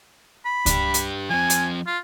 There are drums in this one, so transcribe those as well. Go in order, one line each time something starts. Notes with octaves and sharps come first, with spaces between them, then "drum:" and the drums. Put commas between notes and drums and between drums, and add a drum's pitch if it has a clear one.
B5
D4 G4, drum: kick C#2, hi-hat
drum: hi-hat
F3 C4 G#5
drum: hi-hat
F4